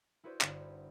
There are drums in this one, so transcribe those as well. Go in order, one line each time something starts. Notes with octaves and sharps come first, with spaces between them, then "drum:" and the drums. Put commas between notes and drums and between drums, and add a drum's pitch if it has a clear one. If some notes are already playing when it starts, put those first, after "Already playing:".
E4 F#4 G#4 B4 C5 D5
G1 F#4, drum: clap